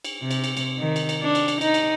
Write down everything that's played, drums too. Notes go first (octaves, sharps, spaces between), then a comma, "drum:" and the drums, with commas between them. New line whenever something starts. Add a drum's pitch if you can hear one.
drum: cymbal
C3
drum: cymbal
drum: cymbal
drum: cymbal
D#3
drum: cymbal
drum: cymbal
D4
drum: cymbal
drum: cymbal
D#4, drum: cymbal
drum: cymbal